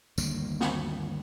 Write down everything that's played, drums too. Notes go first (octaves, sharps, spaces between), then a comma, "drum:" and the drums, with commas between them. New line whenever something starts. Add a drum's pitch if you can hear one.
D2 G2 D#3 A#3, drum: tambourine
drum: snare